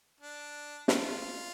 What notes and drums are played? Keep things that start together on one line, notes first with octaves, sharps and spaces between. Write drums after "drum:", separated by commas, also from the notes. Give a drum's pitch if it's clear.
D4
F4, drum: snare